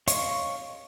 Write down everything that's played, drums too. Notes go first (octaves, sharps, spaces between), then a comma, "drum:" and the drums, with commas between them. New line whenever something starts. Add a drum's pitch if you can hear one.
C#5 D#5 F5 C6 C#6, drum: hi-hat